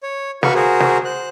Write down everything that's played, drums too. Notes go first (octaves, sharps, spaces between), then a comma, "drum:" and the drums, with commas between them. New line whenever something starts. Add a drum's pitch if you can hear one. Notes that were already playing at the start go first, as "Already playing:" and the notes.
C#5
F#4 B4 F5 C#6, drum: snare
F#4 G#4 A#4 C5
drum: snare
C5 F#6